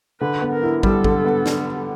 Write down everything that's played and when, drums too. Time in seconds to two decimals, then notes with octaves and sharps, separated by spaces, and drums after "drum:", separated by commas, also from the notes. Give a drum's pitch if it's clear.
0.21 D3 B4
0.42 B3
0.52 A#4
0.63 E4
0.83 G3 A4, drum: kick
1.04 D3, drum: kick
1.25 B3
1.46 drum: snare